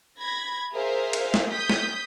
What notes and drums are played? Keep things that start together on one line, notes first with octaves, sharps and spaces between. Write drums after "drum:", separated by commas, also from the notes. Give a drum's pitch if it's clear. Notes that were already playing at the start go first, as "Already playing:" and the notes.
B5 G#6 A#6
G#4 A#4 C5 E5 F5
drum: cymbal
drum: snare
D#6 G6 B6
drum: snare